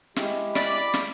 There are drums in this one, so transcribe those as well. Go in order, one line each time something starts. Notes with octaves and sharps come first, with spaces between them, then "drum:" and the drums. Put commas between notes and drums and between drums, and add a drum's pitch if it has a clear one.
G#3 E4 G4, drum: snare
D5 B5, drum: snare
drum: snare